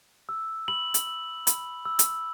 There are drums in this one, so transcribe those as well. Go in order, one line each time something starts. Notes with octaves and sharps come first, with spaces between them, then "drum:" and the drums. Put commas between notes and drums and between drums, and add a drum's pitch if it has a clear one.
E6
B5 F#7
drum: hi-hat
E6
B5, drum: hi-hat
E6
drum: hi-hat